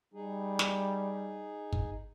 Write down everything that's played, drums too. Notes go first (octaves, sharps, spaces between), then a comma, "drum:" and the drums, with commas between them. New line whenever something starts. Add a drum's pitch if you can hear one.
G3 D#4 G#4
drum: snare
drum: kick